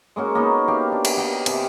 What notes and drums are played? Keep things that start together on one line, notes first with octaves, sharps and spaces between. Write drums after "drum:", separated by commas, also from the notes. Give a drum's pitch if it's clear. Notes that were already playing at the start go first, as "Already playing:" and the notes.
G#3 A#3 C#4 F#4
A#3 B3 D#4
G4 E5 F5
D4
drum: cymbal
D#5 F#5 G5
C3 C5, drum: cymbal